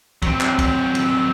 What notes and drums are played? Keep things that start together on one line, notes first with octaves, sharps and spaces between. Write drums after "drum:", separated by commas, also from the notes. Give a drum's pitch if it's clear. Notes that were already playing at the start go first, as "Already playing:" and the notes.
F#3 C4, drum: kick C2, cymbal
drum: clap
drum: kick C2, cymbal
drum: cymbal